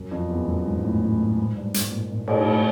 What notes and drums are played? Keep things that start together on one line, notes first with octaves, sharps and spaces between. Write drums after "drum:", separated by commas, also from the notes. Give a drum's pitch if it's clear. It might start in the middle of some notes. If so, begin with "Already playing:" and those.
Already playing: F#2
F2
E2
F#2
G#2
A2
A2
A#2
G#2
G2
G#2, drum: hi-hat
A#2
A#2
A2, drum: cymbal
A2